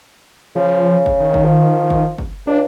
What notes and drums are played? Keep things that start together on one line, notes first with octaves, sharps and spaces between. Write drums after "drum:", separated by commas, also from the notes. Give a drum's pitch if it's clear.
C#3 F3
drum: kick
D#3
drum: kick
F3
drum: kick
drum: kick
C#2 D4